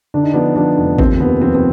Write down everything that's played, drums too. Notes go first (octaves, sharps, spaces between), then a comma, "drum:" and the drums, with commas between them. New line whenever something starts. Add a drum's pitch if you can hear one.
D3 D4
D#4
F3 B3 D4
F3 B3 D4
F1
D#2 C4, drum: kick G#1
D#2 B3
F3 C4
C4